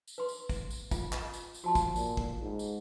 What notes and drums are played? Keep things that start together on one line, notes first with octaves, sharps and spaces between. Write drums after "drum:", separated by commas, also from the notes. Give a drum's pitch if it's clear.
drum: tambourine
B4 C6
drum: tambourine
drum: kick, tambourine
drum: tambourine
F4, drum: kick, tambourine
drum: clap
drum: tambourine
drum: tambourine
F3 F#4 A5 C6
drum: kick, tambourine
A#2, drum: tambourine
drum: kick
G#2
drum: tambourine